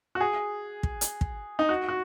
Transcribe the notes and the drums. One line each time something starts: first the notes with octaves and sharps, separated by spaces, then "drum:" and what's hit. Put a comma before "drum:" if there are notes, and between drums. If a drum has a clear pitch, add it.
F#4
G#4
drum: kick
drum: hi-hat
drum: kick
D#4
F#4
F#4